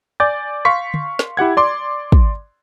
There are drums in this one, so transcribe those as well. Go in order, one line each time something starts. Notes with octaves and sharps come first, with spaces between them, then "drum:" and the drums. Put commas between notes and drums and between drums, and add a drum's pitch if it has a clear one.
D5 G#5 D6 G6 A6
F5 C6 C#6 B6
drum: tom
drum: snare
E4 G4 F#5 G#6
D5 C6 D6
drum: kick